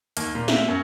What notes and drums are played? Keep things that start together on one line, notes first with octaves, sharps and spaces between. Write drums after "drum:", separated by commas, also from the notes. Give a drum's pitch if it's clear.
D#2, drum: hi-hat
A#2
E5, drum: snare
F#2